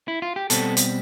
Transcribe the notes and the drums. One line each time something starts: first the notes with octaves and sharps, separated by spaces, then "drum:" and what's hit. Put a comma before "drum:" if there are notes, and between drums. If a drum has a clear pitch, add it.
E4
F4
G4
B2 G3 C4 A4, drum: hi-hat
drum: hi-hat